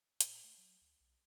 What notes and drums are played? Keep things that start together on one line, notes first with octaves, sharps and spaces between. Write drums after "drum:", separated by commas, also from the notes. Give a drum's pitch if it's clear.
A#2, drum: hi-hat
A3
F#3
D2
B1